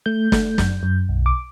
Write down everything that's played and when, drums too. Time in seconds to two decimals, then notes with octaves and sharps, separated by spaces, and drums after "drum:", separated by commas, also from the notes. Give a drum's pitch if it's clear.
0.06 A3 G6
0.32 A3, drum: snare
0.58 F#2, drum: snare
0.83 F#2
1.09 B1
1.26 D6